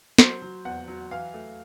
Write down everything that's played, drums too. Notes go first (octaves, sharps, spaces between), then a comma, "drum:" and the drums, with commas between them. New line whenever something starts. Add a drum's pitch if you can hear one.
F#3 C5, drum: snare
F#3
E2 F#5
F#3
E3 F5
A3